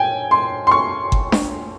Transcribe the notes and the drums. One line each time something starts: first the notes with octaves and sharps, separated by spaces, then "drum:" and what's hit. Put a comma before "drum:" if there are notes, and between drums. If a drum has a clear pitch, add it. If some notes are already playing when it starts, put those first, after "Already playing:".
Already playing: G5 G#5
C6
C6
C#6
drum: kick G1
drum: snare D4